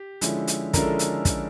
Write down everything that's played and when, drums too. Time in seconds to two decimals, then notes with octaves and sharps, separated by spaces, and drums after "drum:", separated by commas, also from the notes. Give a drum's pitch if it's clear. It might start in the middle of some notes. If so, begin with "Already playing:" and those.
Already playing: G4
0.21 D3 F3 G#3 C#4 E4, drum: hi-hat
0.47 drum: hi-hat
0.73 D3 F3 G#3 C#4 E4 A#4, drum: kick, hi-hat
0.82 A4
0.99 drum: hi-hat
1.25 drum: kick, hi-hat